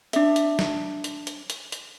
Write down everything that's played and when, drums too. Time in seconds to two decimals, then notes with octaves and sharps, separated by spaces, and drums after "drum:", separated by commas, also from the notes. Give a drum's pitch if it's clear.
0.13 D4 E5, drum: hi-hat
0.36 drum: hi-hat
0.59 drum: snare
1.04 drum: hi-hat
1.27 drum: hi-hat
1.50 drum: hi-hat
1.72 drum: hi-hat